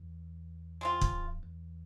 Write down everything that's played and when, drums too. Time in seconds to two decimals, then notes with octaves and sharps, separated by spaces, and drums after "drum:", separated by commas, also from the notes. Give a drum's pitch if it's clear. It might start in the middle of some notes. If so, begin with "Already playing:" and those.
Already playing: E2
0.81 G#3 C4 F4
1.01 drum: kick
1.43 E2